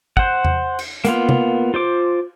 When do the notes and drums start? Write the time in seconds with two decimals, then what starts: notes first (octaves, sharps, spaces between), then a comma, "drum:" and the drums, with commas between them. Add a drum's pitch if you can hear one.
0.17 C5 F#5, drum: kick
0.45 drum: tom E2
0.79 drum: cymbal
1.05 A#3 B3 F4, drum: hi-hat
1.29 drum: tom
1.74 F4 C5 D6